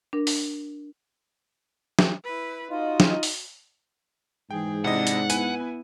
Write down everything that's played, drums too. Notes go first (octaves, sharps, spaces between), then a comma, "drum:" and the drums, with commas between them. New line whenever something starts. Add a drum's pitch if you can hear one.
D4 A#4
drum: open hi-hat
drum: snare
E4 B4
D#4 F4 F#4 D#5
drum: snare
drum: open hi-hat
G#2 E3 G#4 G5
C3 C4 D4 E4 D#5 F#5
drum: hi-hat
B3 E4 B4 G#5 D#7, drum: hi-hat